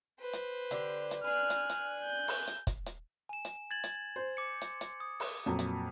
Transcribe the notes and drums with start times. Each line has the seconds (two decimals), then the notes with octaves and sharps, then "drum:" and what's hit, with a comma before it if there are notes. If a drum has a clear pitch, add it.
0.20 B4 C5
0.33 drum: hi-hat
0.71 D3 G4, drum: hi-hat
1.11 drum: hi-hat
1.24 D4 B4 G#5 F6 F#6
1.50 drum: hi-hat
1.70 drum: hi-hat
2.04 G6
2.28 drum: open hi-hat
2.47 drum: hi-hat
2.67 drum: kick, hi-hat
2.86 drum: hi-hat
3.29 G#5 E7
3.45 drum: hi-hat
3.71 G#6 A6 F#7
3.84 drum: hi-hat
4.16 C5
4.37 D6 C#7
4.61 drum: hi-hat
4.81 drum: hi-hat
5.00 D#6
5.20 drum: open hi-hat
5.46 F2 A#2 F#3
5.59 drum: hi-hat